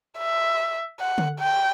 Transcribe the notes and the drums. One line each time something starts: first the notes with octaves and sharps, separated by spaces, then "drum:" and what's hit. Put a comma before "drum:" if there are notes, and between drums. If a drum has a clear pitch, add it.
E5
F#5
drum: tom D3
G5